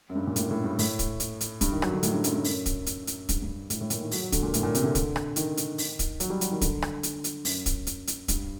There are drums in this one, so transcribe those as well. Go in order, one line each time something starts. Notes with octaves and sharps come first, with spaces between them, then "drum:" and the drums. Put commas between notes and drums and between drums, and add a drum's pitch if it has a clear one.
F#2
G2
A#2
A2, drum: hi-hat
A2
G2
A2, drum: open hi-hat
drum: kick, hi-hat
drum: hi-hat
drum: hi-hat
G2, drum: kick, hi-hat
D#3
F#3, drum: rim click
D3
A2, drum: hi-hat
G2
F#2, drum: hi-hat
G2
F#2, drum: open hi-hat
drum: kick, hi-hat
drum: hi-hat
drum: hi-hat
G2, drum: kick, hi-hat
G2
A2, drum: hi-hat
A2
A#2, drum: hi-hat
D#3
F#3, drum: open hi-hat
F#3
D3, drum: kick, hi-hat
A#2
A2, drum: hi-hat
A#2
C3, drum: hi-hat
D3
drum: kick, hi-hat
drum: rim click
D#3, drum: hi-hat
drum: hi-hat
drum: open hi-hat
drum: kick, hi-hat
F#3, drum: hi-hat
G3
F#3, drum: hi-hat
D#3
D3, drum: kick, hi-hat
drum: rim click
drum: hi-hat
drum: hi-hat
F#2, drum: open hi-hat
drum: kick, hi-hat
drum: hi-hat
drum: hi-hat
G2, drum: kick, hi-hat